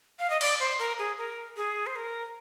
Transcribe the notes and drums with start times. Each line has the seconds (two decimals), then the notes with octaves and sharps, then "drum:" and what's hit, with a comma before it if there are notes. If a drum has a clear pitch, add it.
0.19 F5
0.30 D#5
0.41 D5, drum: cymbal
0.60 C5
0.79 A#4
0.99 G#4
1.18 A#4
1.57 G#4
1.86 C5
1.96 A#4